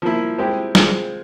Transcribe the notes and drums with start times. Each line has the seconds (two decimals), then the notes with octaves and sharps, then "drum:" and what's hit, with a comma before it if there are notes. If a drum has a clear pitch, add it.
0.02 F3 A#3 E4
0.38 G#3 C4 E4 G4
0.75 G#3 C4 F4 G#4, drum: snare